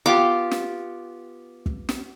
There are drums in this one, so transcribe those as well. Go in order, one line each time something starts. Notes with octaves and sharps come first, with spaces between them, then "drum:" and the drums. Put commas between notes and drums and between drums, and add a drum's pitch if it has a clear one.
B3 F4 G4 D6
drum: snare
drum: kick
drum: snare